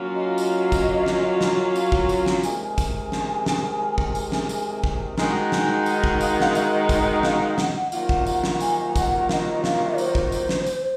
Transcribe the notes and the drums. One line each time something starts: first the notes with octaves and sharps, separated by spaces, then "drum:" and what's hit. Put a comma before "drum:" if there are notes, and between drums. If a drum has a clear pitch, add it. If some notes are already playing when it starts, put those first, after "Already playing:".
Already playing: F#3 A#3 C#4 F4
D#5
drum: tambourine
drum: kick, tambourine
drum: snare
drum: snare
F5, drum: tambourine
drum: kick
drum: tambourine
drum: snare
C3 D#3 G#3 G#5, drum: tambourine
G#5
drum: kick, tambourine
drum: snare
drum: snare
drum: kick
drum: tambourine
drum: snare
drum: tambourine
drum: kick
D#3 G#3 D#4 F#4 G#5, drum: snare
drum: snare
F#5, drum: tambourine
drum: kick
F5, drum: tambourine
F#5
F5, drum: snare
D#5, drum: tambourine
drum: kick, tambourine
F5, drum: snare
F#5, drum: snare
C3 D#3 F#3 A#3 F4 F#5, drum: tambourine
drum: kick
drum: tambourine
drum: snare
G#5, drum: tambourine
F#5, drum: kick, tambourine
F5, drum: snare
D#5
F5, drum: snare
C5, drum: tambourine
drum: kick
drum: tambourine
drum: snare
drum: tambourine